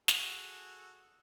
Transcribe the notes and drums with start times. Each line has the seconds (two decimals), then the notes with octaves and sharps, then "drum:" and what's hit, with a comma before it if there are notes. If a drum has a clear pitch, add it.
0.08 F#4 G#4 A4, drum: snare